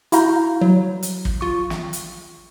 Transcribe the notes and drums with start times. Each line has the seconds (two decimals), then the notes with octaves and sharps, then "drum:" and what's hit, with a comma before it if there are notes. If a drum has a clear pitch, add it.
0.12 E4 F#4 F5 A#5 G6, drum: hi-hat
0.61 F#3
1.03 drum: hi-hat
1.25 drum: kick
1.41 F4 C#6
1.70 drum: snare
1.93 drum: hi-hat